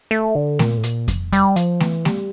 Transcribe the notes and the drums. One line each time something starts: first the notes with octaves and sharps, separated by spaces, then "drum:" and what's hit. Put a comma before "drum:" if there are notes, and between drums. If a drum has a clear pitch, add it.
A3
D3
A#2, drum: snare A3
A2
A#2, drum: hi-hat
drum: kick F2, hi-hat
G3, drum: hi-hat
F3, drum: hi-hat
E3, drum: snare A3
G3, drum: snare A3